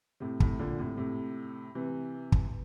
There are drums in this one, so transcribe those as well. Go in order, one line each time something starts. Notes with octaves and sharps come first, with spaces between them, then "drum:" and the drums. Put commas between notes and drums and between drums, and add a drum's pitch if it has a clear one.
A2 C3
A2 C3, drum: kick
A#2 D3
A2 C3
A2 C3
C3 E3
drum: kick